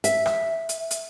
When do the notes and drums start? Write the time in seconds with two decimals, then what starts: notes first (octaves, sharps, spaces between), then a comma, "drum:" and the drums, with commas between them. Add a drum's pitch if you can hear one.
0.04 E5, drum: hi-hat
0.26 drum: rim click
0.69 drum: hi-hat
0.91 drum: hi-hat